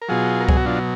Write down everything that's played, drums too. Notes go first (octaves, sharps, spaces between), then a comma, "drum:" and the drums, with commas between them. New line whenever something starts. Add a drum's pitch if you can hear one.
A#4
B2 F#3 F4 G#4
A#4
G#4, drum: kick C2
F#4
D4 F4